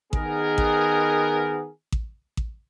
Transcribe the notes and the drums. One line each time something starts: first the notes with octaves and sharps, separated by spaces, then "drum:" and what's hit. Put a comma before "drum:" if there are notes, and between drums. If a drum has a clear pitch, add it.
D#3 B3 G#4 A#4, drum: kick A1
drum: kick A1
drum: kick A1
drum: kick A1